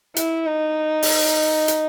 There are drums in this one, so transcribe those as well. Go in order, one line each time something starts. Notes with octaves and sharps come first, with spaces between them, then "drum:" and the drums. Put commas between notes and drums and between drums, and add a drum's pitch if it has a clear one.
E4, drum: hi-hat
D#4
drum: open hi-hat
drum: hi-hat